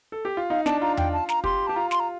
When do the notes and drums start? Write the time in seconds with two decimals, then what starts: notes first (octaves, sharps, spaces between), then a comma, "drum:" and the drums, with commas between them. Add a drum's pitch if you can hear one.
0.12 A4
0.25 G4
0.37 F4
0.50 D#4 F5
0.66 D4 A5, drum: snare
0.81 F4 A#5
0.97 G5, drum: tom E2
1.13 A5
1.29 A#5, drum: snare
1.44 G4 C6, drum: kick
1.67 G4 A5
1.75 F4 A#5
1.91 C6, drum: snare
2.00 A#5